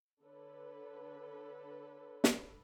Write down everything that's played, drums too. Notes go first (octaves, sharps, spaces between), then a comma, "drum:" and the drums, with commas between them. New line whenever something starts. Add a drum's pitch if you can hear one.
D3 A4 B4 C#5
drum: snare